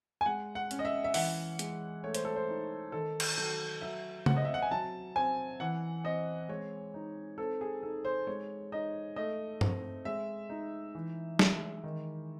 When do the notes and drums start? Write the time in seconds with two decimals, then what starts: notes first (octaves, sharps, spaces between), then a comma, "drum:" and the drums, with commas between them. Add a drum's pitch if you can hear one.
0.21 G#5
0.26 G#3 F#5
0.55 F#5
0.71 C#4, drum: hi-hat
0.79 D#5
0.85 E5
1.04 E5
1.14 E3 F#5, drum: open hi-hat
1.59 G#3, drum: hi-hat
2.03 A3 C#5
2.15 C5, drum: hi-hat
2.25 A4
2.36 C5
2.48 D#4
2.92 D#3 A4
3.20 drum: cymbal
3.37 F#3 A4
3.81 F#3 E5
4.26 C4 F#5, drum: tom C#3
4.36 D#5
4.45 E5
4.54 F#5
4.62 G#5
4.71 F#3 A5
5.16 C4 G#5
5.60 E3 F#5
6.04 C4 D#5
6.49 G#3 C#5
6.94 D#4
7.38 C4 A4
7.61 G#4
7.83 D#4 A4
8.05 C5
8.27 G#3 C#5
8.72 D#4 D#5
9.16 A3 D#5
9.61 C4, drum: tom G2
10.05 G#3 E5
10.49 D#4
10.95 E3
11.39 G#3, drum: snare
11.84 D#3